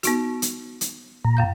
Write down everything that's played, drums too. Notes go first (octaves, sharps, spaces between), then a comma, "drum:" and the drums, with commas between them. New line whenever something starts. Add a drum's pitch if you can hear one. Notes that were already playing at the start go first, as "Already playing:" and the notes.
B3 D#4 F#4, drum: hi-hat
drum: hi-hat
drum: hi-hat
A#2 A#5
F#2 F5 G6